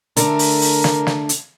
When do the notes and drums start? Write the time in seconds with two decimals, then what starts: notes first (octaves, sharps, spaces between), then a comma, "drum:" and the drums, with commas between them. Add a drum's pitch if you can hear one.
0.17 D3 A3 D4 A#4, drum: hi-hat
0.39 drum: open hi-hat
0.62 drum: open hi-hat
0.84 drum: snare
1.07 drum: snare
1.29 drum: hi-hat